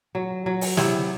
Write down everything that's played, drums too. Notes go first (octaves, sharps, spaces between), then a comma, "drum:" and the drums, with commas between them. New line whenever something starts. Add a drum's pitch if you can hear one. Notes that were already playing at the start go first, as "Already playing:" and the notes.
F#3
F#3
drum: open hi-hat
C3 E4, drum: snare